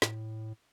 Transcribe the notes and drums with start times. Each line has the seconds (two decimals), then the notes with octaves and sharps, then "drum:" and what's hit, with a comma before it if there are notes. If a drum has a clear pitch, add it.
0.02 A2, drum: snare